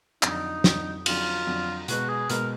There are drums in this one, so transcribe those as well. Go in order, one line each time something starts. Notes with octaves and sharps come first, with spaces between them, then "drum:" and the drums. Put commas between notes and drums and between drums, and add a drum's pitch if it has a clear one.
F2 D3 F#3 D#4, drum: clap
F2 D3 F#3, drum: snare
F2 D3 F#3 F4, drum: cymbal
F2 D3 F#3
B2 G#3 B3 F#4, drum: hi-hat
G#4
B2 G#3 B3 A#4, drum: hi-hat